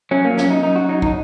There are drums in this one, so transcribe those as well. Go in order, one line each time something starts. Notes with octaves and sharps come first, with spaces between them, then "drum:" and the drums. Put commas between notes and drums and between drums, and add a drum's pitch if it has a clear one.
F#3 C#4
A#3
F#2 C#4, drum: snare
D#4
F#2 D#4
F#4
F#3 D#4
D#4, drum: kick